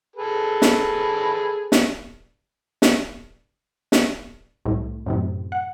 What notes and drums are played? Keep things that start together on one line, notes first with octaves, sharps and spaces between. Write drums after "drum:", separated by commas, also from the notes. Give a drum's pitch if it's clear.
G#4 A4 B4
drum: snare
drum: snare
drum: snare
drum: snare
C2 A2
F#2 A2 C3
F#5